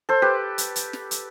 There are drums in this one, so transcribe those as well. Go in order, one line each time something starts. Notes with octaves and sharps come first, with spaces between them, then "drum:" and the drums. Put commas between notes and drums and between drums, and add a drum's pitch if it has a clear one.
A4 C5
G4 B4
drum: hi-hat
drum: hi-hat
drum: snare
drum: hi-hat